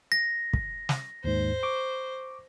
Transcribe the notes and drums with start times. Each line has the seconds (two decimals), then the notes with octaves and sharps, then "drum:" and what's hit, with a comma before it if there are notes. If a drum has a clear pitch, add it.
0.12 A#6
0.53 drum: kick
0.89 drum: snare
1.24 D#2 G#2 C5
1.63 C#6 D6